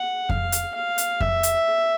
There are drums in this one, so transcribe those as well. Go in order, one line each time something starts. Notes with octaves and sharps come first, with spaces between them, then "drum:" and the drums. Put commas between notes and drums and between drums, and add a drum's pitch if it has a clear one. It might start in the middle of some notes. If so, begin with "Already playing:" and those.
Already playing: F#5
F5, drum: kick F2
drum: hi-hat
F5
drum: hi-hat
E5, drum: kick F2
drum: hi-hat